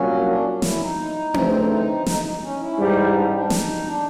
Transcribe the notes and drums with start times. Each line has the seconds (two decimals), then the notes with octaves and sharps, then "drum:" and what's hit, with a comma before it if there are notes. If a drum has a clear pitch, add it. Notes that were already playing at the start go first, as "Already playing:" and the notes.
Already playing: C2 A#2 F#3 A#3 C#4
0.26 D4
0.62 E4, drum: snare
0.80 D#4
1.34 D2 C#3 E3 A3 C4, drum: tom C4
1.70 D#4
2.06 D#4, drum: snare
2.25 D#4
2.42 C#4
2.59 E4
2.77 G#2 E3 G3 D#4
3.13 D4
3.24 C#4
3.33 D4
3.50 D#4, drum: snare
3.86 D4